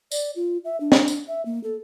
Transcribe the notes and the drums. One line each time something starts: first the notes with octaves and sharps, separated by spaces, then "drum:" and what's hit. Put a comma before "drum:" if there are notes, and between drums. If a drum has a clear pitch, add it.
D5, drum: tambourine
F4
E5
D4
drum: snare
drum: tambourine
E5
A#3
A4